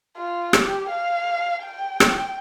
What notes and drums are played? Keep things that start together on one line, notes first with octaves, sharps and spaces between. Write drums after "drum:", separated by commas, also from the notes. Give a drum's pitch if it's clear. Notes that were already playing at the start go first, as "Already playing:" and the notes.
F4
G4, drum: rim click
F5
G5
drum: rim click